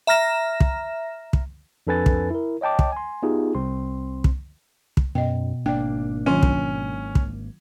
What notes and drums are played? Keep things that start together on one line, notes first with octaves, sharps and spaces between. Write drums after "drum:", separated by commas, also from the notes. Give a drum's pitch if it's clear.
E5 A#5 F6 A#6 E7
drum: kick
drum: kick
F2 D4 A4 B4 G#5 A6
drum: kick
E4 A#4
C#5 D#5 G5 A5 D6
drum: kick
G#5 C6
B3 D#4 F4 G4 G#4
C2 C4 C6
drum: kick
drum: kick
F#2 B2 D#5 G5
G#1 A#3 D4 D5 G5
D#3 F#3 C#4 F4
drum: kick
drum: kick